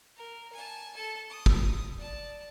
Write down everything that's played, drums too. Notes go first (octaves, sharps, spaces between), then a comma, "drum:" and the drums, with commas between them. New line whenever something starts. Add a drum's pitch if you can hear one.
A#4
G#5 A5
A4 A5
D#6
drum: kick
D5 A5